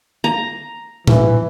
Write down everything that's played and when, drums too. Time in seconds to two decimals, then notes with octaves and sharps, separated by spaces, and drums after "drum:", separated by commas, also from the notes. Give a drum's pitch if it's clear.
0.24 A#5
1.07 E3, drum: tom A2